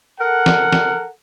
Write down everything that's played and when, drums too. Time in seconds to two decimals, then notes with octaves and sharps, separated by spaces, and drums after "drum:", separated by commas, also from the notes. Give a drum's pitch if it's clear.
0.20 A4 A#4 F#5
0.46 drum: snare
0.73 drum: snare